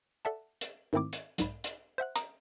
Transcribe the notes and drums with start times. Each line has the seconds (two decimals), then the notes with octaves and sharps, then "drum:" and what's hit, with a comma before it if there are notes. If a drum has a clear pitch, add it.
0.25 A4 D5 E5 F#5 A5
0.61 drum: hi-hat
0.93 G#2 D#3 A3 C4 E4 D6
1.13 drum: hi-hat
1.38 B1 G#2 B5, drum: hi-hat
1.64 drum: hi-hat
1.98 C5 E5 F#5 F#6
2.16 A#5 D#6, drum: hi-hat